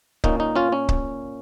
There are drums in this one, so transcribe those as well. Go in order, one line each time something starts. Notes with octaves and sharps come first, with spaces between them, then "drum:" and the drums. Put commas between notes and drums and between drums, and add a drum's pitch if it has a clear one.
A#2 A#3 C#4 D#4, drum: kick C#1
D#4
C#4 F4
C#4
drum: kick C#1